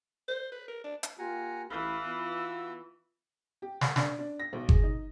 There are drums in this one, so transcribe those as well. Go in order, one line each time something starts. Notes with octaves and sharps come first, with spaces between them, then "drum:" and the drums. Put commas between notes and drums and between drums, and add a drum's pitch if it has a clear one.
C5
B4
A#4
D4
drum: hi-hat
A#3 F4 G4 F#5 G#5 A#5
A1 E3 B4 F5
B3 F4
F#4 E6
G4
F#5, drum: snare
D4, drum: snare
D4
A#6
B1
G#4, drum: kick G1
D#4